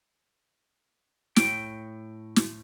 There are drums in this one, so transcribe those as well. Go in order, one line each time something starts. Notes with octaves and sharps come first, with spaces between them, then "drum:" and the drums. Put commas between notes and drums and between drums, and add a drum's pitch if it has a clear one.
A2 G5, drum: snare
drum: snare